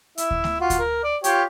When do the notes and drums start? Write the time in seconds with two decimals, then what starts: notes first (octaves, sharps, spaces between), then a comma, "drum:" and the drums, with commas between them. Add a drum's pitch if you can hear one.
0.18 E4 E5, drum: hi-hat
0.31 drum: kick D2
0.44 drum: snare A3
0.61 F4 F#4
0.70 drum: kick D2, hi-hat
0.79 A#4
1.04 D5
1.24 F4 G4 C#5, drum: hi-hat